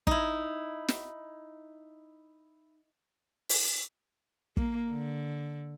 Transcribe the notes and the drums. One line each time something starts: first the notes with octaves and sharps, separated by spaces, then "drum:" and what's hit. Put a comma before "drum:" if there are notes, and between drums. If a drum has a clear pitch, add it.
D#4 E4, drum: kick
drum: snare
drum: open hi-hat
A#3, drum: kick
D3